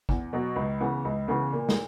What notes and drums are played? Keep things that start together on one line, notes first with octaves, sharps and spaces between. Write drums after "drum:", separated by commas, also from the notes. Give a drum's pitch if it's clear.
E2, drum: kick
B2 F#3
C#2
C#3 E3 B3
C#2
C#3 E3 B3
A#2
drum: snare